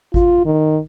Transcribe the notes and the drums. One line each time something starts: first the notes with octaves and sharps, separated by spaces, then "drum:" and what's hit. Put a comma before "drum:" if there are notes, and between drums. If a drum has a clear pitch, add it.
F4, drum: kick G#1
D#3